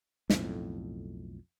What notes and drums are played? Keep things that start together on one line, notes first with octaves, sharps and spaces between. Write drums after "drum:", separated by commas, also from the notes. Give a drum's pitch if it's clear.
B1 F2 A2, drum: snare